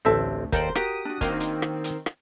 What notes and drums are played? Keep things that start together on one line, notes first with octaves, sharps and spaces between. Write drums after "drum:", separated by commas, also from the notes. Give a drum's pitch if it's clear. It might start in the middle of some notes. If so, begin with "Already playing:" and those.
A1 D2 C4 A4 E5 A5
D#2 A4 A#4 C5 D5, drum: kick, hi-hat
F#4 G4 A#4 D#6, drum: rim click
D4 F#4
D#3 A#3 C4 D#5 F5, drum: kick, hi-hat
drum: hi-hat
drum: rim click
drum: hi-hat
drum: rim click